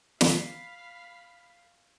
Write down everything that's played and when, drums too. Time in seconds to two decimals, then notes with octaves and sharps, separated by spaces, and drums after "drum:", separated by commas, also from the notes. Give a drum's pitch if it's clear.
0.21 F5 B5, drum: snare